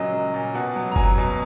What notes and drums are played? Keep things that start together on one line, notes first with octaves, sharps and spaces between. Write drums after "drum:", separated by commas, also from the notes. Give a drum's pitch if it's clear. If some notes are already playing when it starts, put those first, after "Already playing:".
Already playing: A#2 C#3 F#3 D#5
F#3
A#2
B2 F#5
F#3
A#5
F#3 G#5, drum: kick F#1
B2